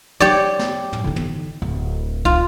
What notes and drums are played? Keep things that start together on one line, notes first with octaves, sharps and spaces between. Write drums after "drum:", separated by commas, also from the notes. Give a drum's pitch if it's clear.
F#3 G4 C#5 D5
drum: snare
drum: tom
D3 D#4
drum: tom
D1
F4, drum: kick